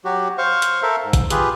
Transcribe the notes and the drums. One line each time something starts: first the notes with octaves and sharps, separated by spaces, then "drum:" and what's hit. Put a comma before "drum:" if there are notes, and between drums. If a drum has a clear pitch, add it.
F#3 F#4 G4
C5 F5 C#6
drum: hi-hat
A4 A#4 E5 F5
G#2
drum: kick, hi-hat
F4 G4 G#4 B4, drum: hi-hat